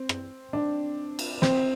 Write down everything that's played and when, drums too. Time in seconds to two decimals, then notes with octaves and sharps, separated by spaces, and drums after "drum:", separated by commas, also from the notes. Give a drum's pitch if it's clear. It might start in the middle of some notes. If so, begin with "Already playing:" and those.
Already playing: C4
0.09 drum: rim click
0.53 D4
1.19 drum: cymbal
1.42 C4, drum: snare